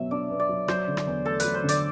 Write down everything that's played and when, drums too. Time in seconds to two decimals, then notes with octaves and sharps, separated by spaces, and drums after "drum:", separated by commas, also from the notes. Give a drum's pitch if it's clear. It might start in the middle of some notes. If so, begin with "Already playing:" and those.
Already playing: B2 F#3 B3 E5
0.11 D4 D5
0.30 B3
0.40 D5
0.49 F#3
0.68 F#3 C5, drum: rim click
0.88 D3
0.97 drum: rim click
1.07 E2
1.25 A3 A4
1.40 F#3 B4, drum: hi-hat
1.54 C5
1.63 D3
1.69 D5, drum: hi-hat